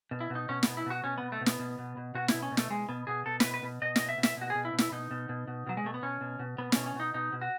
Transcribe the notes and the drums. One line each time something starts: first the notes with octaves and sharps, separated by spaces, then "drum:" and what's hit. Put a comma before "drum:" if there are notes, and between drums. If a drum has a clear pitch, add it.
B2
E4
B2
D#4
B2 C#4
B2 B3, drum: snare
E4
B2 F#4
B2 C#4
B2 B3
A3
B2
B3, drum: snare
B2
B2
B2
B2 F#4
E4, drum: snare
B2
C#4
B2
A3, drum: snare
B2 G#3
B2 B3
B2 G#4
B2 A4
B2 B4, drum: snare
B4
B2
B2 D#5
B2 D#5, drum: snare
E5
B2
E5, drum: snare
B2 F#4
G#4
B2
E4
B2
E4, drum: snare
B2 D#4
B2
B2
B2
B2 F#3
G#3
B2 A3
B3
B2 C#4
B2
B2
B2 B3
B2 C#4, drum: snare
C#4
B2 D#4
B2 D#4
B2
F#4